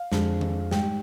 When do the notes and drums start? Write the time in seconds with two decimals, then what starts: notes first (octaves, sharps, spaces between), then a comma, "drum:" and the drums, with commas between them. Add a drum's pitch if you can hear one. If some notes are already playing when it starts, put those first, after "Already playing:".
Already playing: F5
0.12 F2 D3 G#3, drum: snare
0.41 drum: tom D#3
0.71 G#2 G3 G5, drum: snare